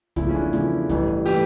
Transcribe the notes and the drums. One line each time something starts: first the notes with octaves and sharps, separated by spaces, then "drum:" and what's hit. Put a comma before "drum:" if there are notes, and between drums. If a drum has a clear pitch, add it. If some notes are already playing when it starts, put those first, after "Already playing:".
E2 C#3 F3 A3 E4, drum: kick C2, hi-hat
C#4
D4
E2 C#3 F3 A3 E4, drum: hi-hat
A1 G2 E3 A3, drum: kick C2, hi-hat
E3 A3 G4, drum: open hi-hat